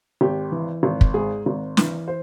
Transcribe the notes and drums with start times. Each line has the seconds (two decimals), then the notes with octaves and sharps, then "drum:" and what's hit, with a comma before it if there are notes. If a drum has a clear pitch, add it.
0.21 G#1 G4
0.52 E3
0.83 G#1
1.01 drum: kick
1.14 G#2 G#4
1.46 G#1
1.77 E3, drum: snare
2.08 C5